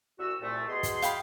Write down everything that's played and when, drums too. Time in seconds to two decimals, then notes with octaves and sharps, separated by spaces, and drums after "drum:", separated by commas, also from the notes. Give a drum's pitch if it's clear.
0.19 C2 F#4 E6
0.42 C2 A#2 A3
0.68 B2 G#4 C6
0.83 drum: kick, hi-hat
1.02 F5 G5 B5, drum: hi-hat